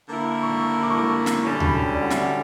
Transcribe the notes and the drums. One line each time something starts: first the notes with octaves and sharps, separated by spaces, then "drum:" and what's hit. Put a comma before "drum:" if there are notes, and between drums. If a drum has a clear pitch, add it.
D3 A#3 E4 A#4
C#6
D6
C#6
D6
drum: snare
D2 D3 G3 C#4 C#6
B5, drum: tom D2
G5
D5
F#5
E5, drum: snare
F#5